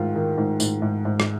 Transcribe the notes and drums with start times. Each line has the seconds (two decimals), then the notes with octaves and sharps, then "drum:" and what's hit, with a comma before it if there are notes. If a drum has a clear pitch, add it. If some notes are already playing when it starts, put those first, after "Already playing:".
Already playing: G#2 D#3 F4
0.15 D#3
0.37 G#2
0.60 G#2, drum: tambourine
0.82 G#2
1.05 G#2
1.20 drum: rim click